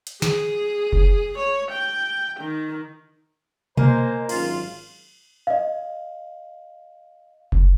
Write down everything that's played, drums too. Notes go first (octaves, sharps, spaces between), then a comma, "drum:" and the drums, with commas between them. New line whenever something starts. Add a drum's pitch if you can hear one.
drum: hi-hat
G#4, drum: snare
drum: kick F1
C#5
G5
D#3
A#3 C5 D#5 G#5 A#5, drum: tom B2
G#1 F#2 F4 F5, drum: cymbal
D#5 F5
drum: kick F1